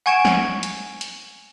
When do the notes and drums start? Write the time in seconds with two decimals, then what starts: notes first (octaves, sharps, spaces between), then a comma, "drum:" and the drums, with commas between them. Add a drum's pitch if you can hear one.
0.06 F#5 G#5 C#6 G#6 D7 E7
0.25 drum: snare
0.63 drum: hi-hat
1.01 drum: hi-hat